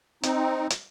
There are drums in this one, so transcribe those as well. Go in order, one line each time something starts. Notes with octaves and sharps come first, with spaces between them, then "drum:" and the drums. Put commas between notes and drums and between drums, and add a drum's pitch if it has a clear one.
C4 D#4, drum: hi-hat
drum: hi-hat